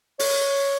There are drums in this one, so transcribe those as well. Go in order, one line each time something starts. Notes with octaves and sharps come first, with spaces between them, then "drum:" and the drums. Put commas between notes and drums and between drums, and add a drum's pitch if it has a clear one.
C#5, drum: open hi-hat